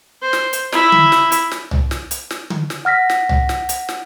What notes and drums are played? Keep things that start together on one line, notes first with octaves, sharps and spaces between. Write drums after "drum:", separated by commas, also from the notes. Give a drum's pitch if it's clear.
C5
drum: snare
drum: hi-hat
E4, drum: snare
drum: tom D3
drum: snare
drum: hi-hat
drum: snare
drum: tom C2
drum: snare
drum: hi-hat
drum: snare
drum: tom D3
drum: snare
F#5 F6 A#6 B6
drum: snare
drum: tom C2
drum: snare
drum: hi-hat
drum: snare